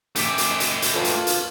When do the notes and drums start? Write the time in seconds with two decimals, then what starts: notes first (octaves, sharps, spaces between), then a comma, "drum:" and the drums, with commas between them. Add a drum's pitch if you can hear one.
0.16 A3 G4 D6 B6, drum: hi-hat
0.38 drum: hi-hat
0.51 D#5
0.60 drum: hi-hat
0.82 drum: hi-hat
0.94 F4 A4 B4
1.04 drum: hi-hat
1.27 drum: hi-hat